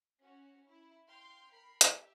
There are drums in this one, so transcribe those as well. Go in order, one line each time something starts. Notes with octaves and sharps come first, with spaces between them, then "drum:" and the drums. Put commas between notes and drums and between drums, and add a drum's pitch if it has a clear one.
C#4 F#4
E4
F5 G5 C6 G6
A#4 B5 C7
G4 E5, drum: hi-hat